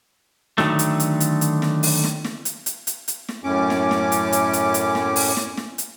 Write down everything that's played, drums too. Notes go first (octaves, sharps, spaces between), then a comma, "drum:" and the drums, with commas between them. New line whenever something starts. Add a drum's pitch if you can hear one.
D3 D#3 F#3 A3, drum: snare
drum: hi-hat
drum: hi-hat
drum: hi-hat
drum: hi-hat
drum: snare
drum: open hi-hat
drum: snare
drum: snare
drum: hi-hat
drum: hi-hat
drum: hi-hat
drum: hi-hat
drum: snare
F#2 A2 C#4 D6
drum: snare
drum: snare
drum: hi-hat
drum: hi-hat
drum: hi-hat
drum: hi-hat
drum: snare
drum: open hi-hat
drum: snare
drum: snare
drum: hi-hat